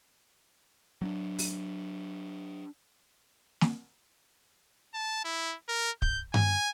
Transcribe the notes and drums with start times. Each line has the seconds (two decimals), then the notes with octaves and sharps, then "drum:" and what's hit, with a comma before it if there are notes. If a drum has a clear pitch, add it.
1.02 F#3 C4 D4
1.39 drum: open hi-hat
3.61 drum: snare
4.94 A5
5.25 E4
5.69 A#4
6.02 G6, drum: kick
6.34 G#5, drum: tom G2